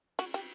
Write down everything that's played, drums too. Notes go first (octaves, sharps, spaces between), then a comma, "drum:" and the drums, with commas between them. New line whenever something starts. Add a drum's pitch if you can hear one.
F#4, drum: cymbal
G4, drum: cymbal